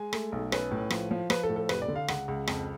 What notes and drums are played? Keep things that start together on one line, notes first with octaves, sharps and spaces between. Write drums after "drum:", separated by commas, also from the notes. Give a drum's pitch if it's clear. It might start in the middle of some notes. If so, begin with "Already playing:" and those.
Already playing: G#3 G#5
A3, drum: rim click
B1
C#4 B4, drum: rim click
A2
F3, drum: rim click
F3
F3 B4, drum: rim click
A4
A2
A4
F1 B4, drum: rim click
D5
D3
F5
C#2 F#5, drum: rim click
C#2
F2, drum: rim click